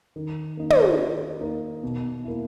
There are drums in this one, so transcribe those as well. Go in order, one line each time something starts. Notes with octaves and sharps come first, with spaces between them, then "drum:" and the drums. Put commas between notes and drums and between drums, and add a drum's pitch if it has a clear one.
D#3
A#3 D#4
drum: tom
D#3
A#3 D#4
B2
A#3 E4